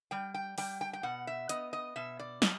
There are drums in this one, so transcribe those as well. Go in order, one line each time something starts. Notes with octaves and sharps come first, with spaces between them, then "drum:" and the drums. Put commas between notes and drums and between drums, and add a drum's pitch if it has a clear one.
G3 G5
G5
G3 G5, drum: open hi-hat
G5
G5
B2 F#5
E5
B3 D#5, drum: hi-hat
D#5
B2 E5
D5
G3 D#5, drum: snare